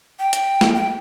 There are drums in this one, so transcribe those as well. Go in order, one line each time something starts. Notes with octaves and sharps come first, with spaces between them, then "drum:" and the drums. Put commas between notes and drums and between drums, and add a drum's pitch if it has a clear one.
G5
drum: hi-hat
drum: snare
G5